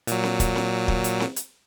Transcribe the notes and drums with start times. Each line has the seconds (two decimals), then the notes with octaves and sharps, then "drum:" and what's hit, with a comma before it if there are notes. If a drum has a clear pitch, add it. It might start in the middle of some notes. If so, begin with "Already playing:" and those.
0.07 A#2 F#3, drum: hi-hat
0.24 drum: snare C4
0.40 drum: kick, hi-hat
0.56 drum: snare C4
0.88 drum: kick
1.04 drum: hi-hat
1.20 drum: snare C4
1.36 drum: hi-hat